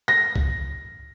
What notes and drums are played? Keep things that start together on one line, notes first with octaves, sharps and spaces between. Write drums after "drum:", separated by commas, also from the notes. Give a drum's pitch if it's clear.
A#6
drum: kick